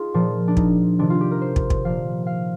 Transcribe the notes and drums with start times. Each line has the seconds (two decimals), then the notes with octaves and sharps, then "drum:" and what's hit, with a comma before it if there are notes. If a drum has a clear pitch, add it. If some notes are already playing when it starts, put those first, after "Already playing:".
Already playing: D#4 F4 G#4
0.14 A#2 F3
0.48 D4
0.57 D#4, drum: kick
0.99 C3 D#3 D4
1.10 F4
1.21 G4
1.31 A#4
1.42 C5
1.56 drum: kick
1.70 drum: kick
1.84 A#2 F3 F5
2.27 F5